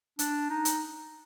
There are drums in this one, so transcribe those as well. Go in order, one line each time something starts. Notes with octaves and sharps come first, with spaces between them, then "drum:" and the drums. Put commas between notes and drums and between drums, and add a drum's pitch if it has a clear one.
D4, drum: hi-hat
D#4
drum: hi-hat